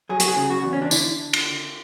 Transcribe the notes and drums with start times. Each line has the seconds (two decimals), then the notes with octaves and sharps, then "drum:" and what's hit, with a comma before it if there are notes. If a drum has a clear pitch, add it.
0.09 F#3 G#4
0.20 F#4, drum: hi-hat
0.28 G#4
0.37 C#3
0.50 F#4
0.64 E2
0.73 C#4
0.82 D4
0.91 D3 E4, drum: tambourine
1.33 drum: cymbal